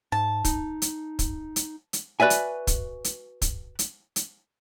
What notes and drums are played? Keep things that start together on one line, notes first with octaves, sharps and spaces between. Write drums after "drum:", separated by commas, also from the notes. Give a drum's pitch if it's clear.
G#2 A5
D#4, drum: kick, hi-hat
drum: hi-hat
drum: kick, hi-hat
drum: hi-hat
drum: hi-hat
F#4 B4 D5 E5 G#5
drum: hi-hat
drum: kick, hi-hat
drum: hi-hat
drum: kick, hi-hat
drum: hi-hat
drum: hi-hat